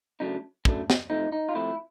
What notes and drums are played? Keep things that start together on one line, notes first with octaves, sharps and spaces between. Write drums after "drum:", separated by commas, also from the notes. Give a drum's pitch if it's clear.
C#3 F#3 A3 D4 D#4
C#3 F#3 A3 D4, drum: kick
drum: snare
C3 F3 A3 D#4
D#4
F4
C3 F3 A3 E4